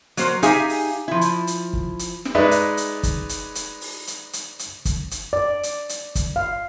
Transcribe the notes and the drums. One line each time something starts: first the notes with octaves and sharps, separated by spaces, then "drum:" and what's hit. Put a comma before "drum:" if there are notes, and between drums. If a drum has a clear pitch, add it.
F#3 A#3 C5, drum: hi-hat
D#4 G4 G#4 E5 F5 G#5, drum: hi-hat
drum: open hi-hat
F3 E4
drum: hi-hat
drum: hi-hat
drum: kick
drum: hi-hat
drum: snare
G#3 D#4 B4 D5 E5
drum: hi-hat
drum: hi-hat
drum: kick, hi-hat
drum: hi-hat
drum: hi-hat
drum: open hi-hat
drum: hi-hat
drum: hi-hat
drum: hi-hat
drum: kick, hi-hat
drum: hi-hat
D5
drum: hi-hat
drum: hi-hat
drum: kick, hi-hat
F5